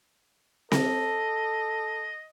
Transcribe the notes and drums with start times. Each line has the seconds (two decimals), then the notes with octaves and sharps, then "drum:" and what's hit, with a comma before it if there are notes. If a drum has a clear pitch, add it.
0.72 A4 D#5, drum: snare C4